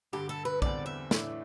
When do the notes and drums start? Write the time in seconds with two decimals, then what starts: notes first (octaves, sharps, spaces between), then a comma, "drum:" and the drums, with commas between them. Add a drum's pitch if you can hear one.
0.12 G2 D3 G3 G4
0.29 A4
0.45 B4
0.62 E2 D3 G3 C4 D5, drum: kick
0.86 E5
1.11 A2 E3 A3 D4, drum: snare